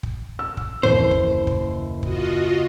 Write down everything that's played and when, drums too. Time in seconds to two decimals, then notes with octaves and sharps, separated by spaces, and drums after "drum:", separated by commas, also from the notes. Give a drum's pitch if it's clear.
0.03 drum: kick
0.39 E6
0.57 drum: kick
0.83 F#1 D#2 E3 C5
1.11 drum: kick
1.47 drum: kick
2.03 F4 F#4 D#5, drum: kick